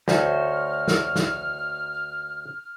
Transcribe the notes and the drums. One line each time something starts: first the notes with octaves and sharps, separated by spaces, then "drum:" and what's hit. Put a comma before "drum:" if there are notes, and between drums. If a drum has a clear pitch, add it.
D2 D#4 C5 C#5 F6, drum: snare
drum: snare
drum: snare